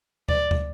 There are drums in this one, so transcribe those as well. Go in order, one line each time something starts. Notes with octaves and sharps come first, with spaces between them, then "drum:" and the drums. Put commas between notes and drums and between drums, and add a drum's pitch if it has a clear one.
D5, drum: kick
drum: kick